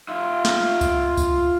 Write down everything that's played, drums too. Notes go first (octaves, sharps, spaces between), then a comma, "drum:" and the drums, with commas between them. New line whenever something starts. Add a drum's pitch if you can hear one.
F4 E5
drum: snare
drum: kick C#2, tambourine
drum: kick C#2, tambourine